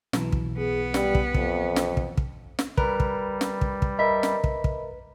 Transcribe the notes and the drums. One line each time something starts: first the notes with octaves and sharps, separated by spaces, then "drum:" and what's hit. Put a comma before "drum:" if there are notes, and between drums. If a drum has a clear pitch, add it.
B1 B2 E3, drum: snare
drum: kick
B3 G#4
G3, drum: snare
drum: kick
F2, drum: kick
drum: snare
drum: kick
drum: kick
drum: snare
G3 A#4 B4, drum: kick
drum: kick
drum: snare
drum: kick
drum: kick
A#4 D#5 E5 B5 B6
drum: snare
drum: kick
drum: kick